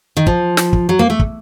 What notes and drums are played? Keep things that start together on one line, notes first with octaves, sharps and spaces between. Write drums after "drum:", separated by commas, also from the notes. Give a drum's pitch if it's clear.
D#3
F3, drum: kick
drum: snare
drum: kick
F#3
A#3
A3
drum: kick